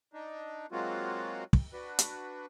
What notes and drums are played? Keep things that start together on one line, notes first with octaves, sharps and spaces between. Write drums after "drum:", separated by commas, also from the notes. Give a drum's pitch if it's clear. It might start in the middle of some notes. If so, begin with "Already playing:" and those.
D4 D#4
F#3 G#3 A#3 C4 F4 F#4
drum: kick
D4 F#4 B4
drum: hi-hat